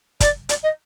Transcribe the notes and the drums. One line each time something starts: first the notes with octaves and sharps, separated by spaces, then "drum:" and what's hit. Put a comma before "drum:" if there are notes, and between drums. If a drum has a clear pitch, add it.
D5, drum: kick, hi-hat
D5, drum: hi-hat
D#5